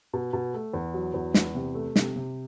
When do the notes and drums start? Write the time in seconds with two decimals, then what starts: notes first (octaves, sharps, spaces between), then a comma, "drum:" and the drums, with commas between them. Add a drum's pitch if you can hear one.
0.13 B2
0.33 B2
0.54 A3
0.73 E2
0.94 F#3
1.14 E2
1.34 E2, drum: snare
1.55 C3
1.75 A3
1.96 C3, drum: snare
2.16 C3